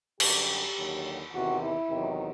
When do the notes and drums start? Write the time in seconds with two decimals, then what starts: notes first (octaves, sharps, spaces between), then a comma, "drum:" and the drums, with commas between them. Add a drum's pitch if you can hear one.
0.20 F#2 D3 G3 G4, drum: cymbal
0.77 D#2 D3 F#3
1.32 E2 C3 D#3 F#4
1.60 E4
1.89 E2 C3 D#3 F#3